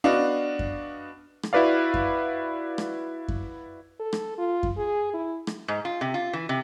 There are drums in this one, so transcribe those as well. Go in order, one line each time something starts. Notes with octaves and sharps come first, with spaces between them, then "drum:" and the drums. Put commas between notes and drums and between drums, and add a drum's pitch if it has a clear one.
B3 D4 F#4 D#5 F5
drum: kick F#2
drum: rim click
E4 F#4 B4 D5 F5
drum: kick F#2
drum: rim click
drum: kick F#2
A4
drum: rim click
F4
drum: kick F#2
G#4
E4
drum: rim click
G#2
F4
C3
F4
E3
C3